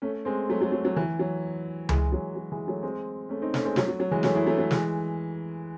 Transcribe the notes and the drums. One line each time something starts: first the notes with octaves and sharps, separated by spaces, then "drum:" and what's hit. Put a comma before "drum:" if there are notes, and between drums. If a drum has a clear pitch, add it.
A3 C#4
G#3 C4
F#3 A3
F#3 A3
F#3
F#3
E3
F#3
E3 G#3, drum: tom C#2
F#3
F#3
E3 G#3
F#3 A3
G#3 C4
A3 C#4
C4 D#4
A3 C#4, drum: snare
G#3 C4
F#3 A3, drum: snare
F#3
F#3
E3 G#3
F#3 A3, drum: snare
E4 G#4
F#3 A3
F#3
E3 G#3, drum: snare